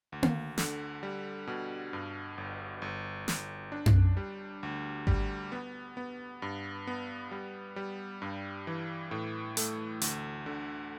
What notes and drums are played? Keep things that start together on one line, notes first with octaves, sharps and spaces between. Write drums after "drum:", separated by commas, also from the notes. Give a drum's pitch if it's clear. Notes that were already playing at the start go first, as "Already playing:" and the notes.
D2
drum: tom A#3
D3, drum: snare
G3
B2
G2
G1
G1
G1, drum: snare
D4
drum: tom F#2
G3
D2
G3, drum: kick G#1
B3
B3
G2
B3
G3
G3
G2
E3
A2
A3, drum: hi-hat
D2, drum: hi-hat
D3